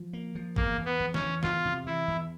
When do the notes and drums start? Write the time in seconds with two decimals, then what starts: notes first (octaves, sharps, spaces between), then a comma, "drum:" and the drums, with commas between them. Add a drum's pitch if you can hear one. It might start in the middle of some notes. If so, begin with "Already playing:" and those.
Already playing: F3
0.13 A#3
0.35 F3
0.56 E2 A#3, drum: kick
0.78 E2
0.85 B3
1.00 E2
1.14 C#4, drum: snare
1.21 E3
1.43 E2 F4, drum: snare
1.65 C3
1.86 E3 E4
2.08 E2